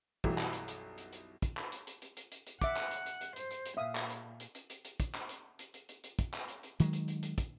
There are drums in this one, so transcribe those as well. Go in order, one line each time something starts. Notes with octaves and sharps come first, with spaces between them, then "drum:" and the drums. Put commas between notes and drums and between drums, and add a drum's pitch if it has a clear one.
B1 F#2 E3 F#3 G3, drum: kick
drum: clap
drum: hi-hat
drum: hi-hat
drum: hi-hat
drum: hi-hat
drum: kick, hi-hat
drum: clap
drum: hi-hat
drum: hi-hat
drum: hi-hat
drum: hi-hat
drum: hi-hat
drum: hi-hat
E5 F#5 D6, drum: kick, hi-hat
drum: clap
drum: hi-hat
drum: hi-hat
drum: hi-hat
C5, drum: hi-hat
drum: hi-hat
drum: hi-hat
A#2 E5 F5 D#6
drum: clap
drum: hi-hat
drum: hi-hat
drum: hi-hat
drum: hi-hat
drum: hi-hat
drum: kick, hi-hat
drum: clap
drum: hi-hat
drum: hi-hat
drum: hi-hat
drum: hi-hat
drum: hi-hat
drum: kick, hi-hat
drum: clap
drum: hi-hat
drum: hi-hat
D#3 F#3 G#3, drum: hi-hat
drum: hi-hat
drum: hi-hat
drum: hi-hat
drum: kick, hi-hat